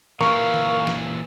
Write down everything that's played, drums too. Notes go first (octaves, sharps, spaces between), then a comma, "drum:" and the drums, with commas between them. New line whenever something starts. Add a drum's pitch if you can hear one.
A#2 E3 A#4 F5 C#6, drum: snare
drum: tom D3
drum: snare